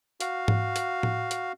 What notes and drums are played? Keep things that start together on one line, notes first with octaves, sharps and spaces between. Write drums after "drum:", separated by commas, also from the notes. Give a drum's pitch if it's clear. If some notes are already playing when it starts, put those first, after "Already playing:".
F#4 F5, drum: hi-hat
drum: tom G#2
drum: hi-hat
drum: tom A2
drum: hi-hat